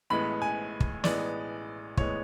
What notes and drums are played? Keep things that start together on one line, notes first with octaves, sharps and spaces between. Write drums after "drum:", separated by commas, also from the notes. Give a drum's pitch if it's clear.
A1 A2 G#3 B3 B5
G#5
drum: kick
A1 A2 G#3 B3 D5, drum: snare
A1 A2 G#3 B3 C#5, drum: kick